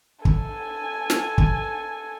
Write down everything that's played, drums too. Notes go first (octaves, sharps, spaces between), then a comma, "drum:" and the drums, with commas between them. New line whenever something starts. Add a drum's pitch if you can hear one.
A4 G#5, drum: kick
drum: snare
drum: kick